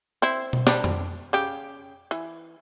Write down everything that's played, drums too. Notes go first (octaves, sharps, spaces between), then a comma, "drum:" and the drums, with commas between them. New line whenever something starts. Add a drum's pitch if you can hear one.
C4 E4
drum: tom B2
G3 D4, drum: snare
drum: tom F2
C#3 G4
E3